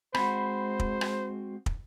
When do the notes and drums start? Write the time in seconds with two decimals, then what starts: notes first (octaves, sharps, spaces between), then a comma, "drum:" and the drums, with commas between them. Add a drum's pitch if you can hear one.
0.15 G#3 C4 F#4 C5 B5, drum: rim click
0.80 drum: kick
1.01 drum: rim click
1.66 drum: kick